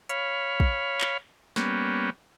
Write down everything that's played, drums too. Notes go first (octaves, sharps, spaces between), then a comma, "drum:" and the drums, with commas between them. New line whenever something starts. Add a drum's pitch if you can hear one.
C#5 F5 B5, drum: hi-hat
drum: kick
drum: clap
G3 A#3 B3 C#4, drum: snare